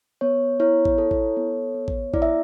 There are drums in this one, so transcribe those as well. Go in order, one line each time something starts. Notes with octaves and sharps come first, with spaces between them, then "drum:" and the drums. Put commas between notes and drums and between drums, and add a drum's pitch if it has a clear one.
B3 C#5
E4 C#5
drum: kick
A4
drum: kick
B3
B3
drum: kick
E4 D5, drum: kick
E5